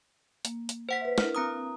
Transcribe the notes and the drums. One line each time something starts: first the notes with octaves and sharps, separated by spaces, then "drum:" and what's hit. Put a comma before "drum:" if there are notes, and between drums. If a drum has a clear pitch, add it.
A#3, drum: hi-hat
drum: hi-hat
C5 F#5 B6
B4 E5
D4 E4 A#4 F6, drum: snare
C4 A#5 D#6